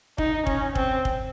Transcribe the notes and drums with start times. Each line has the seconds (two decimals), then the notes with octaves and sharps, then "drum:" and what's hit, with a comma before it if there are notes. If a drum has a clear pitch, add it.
0.18 D#4, drum: kick
0.47 C#4, drum: kick
0.75 C4, drum: kick
1.05 drum: kick